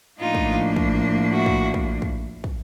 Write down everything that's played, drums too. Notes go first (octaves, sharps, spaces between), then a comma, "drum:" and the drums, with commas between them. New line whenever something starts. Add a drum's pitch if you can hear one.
A2 F3 A#3 D4 D#4 F4
drum: kick
drum: kick
E4 F#4
drum: kick
drum: kick
drum: kick
drum: kick